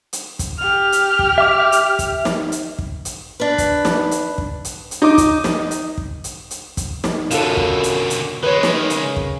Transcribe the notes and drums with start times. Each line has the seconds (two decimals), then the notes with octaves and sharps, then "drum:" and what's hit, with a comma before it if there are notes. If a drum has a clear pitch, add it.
0.13 drum: hi-hat
0.39 drum: kick, hi-hat
0.58 G4 F6
0.92 drum: hi-hat
1.19 drum: kick
1.38 E5 D6
1.72 drum: hi-hat
1.99 drum: kick, hi-hat
2.25 drum: snare
2.52 drum: hi-hat
2.78 drum: kick
3.05 drum: hi-hat
3.40 D4 B4
3.58 drum: kick, hi-hat
3.85 drum: snare
4.11 drum: hi-hat
4.38 drum: kick
4.65 drum: hi-hat
4.91 drum: hi-hat
5.02 D#4 D6
5.18 drum: kick, hi-hat
5.44 drum: snare
5.71 drum: hi-hat
5.97 drum: kick
6.24 drum: hi-hat
6.51 drum: hi-hat
6.77 drum: kick, hi-hat
7.04 drum: snare
7.31 F#2 B2 D3 F4 A4, drum: hi-hat
7.57 drum: kick
7.84 drum: hi-hat
8.10 drum: hi-hat
8.43 D#3 G#3 B4 C#5
8.63 drum: snare
8.90 C#3, drum: hi-hat
9.16 drum: kick